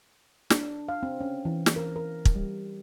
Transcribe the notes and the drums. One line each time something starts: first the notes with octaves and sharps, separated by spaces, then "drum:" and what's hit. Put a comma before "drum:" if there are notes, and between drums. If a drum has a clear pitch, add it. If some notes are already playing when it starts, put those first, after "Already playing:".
D4, drum: snare
F5
C4
C#4
E3
drum: snare
A#4
A#4
drum: kick
G3